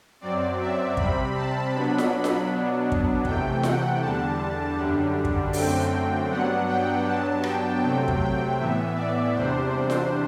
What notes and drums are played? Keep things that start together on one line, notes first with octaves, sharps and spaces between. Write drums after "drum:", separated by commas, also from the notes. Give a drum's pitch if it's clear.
F#2 F#3 C4 D5
E5
C3 G3 C4 B5, drum: kick
A5
B2 F#3 B3 D4 B5
drum: snare F4
drum: snare F4
B2 F#3 B3 D4
drum: kick
C3 E3 A3 G5, drum: kick
F#5, drum: snare F4
E2 D3 G3 D4 A5
F#2 D3 G3 D4
drum: kick
F#2 D3 A3 C4 G5, drum: open hi-hat
G2 F#3 B3 D4 F#5
G5
G2 F#3 B3 D4 A5
G5, drum: rim click
C3 F#3 A3 C4 G5
drum: kick
G5
A2 E3 B3 E5
D5
E2 C3 G3 D4 C5
drum: snare F4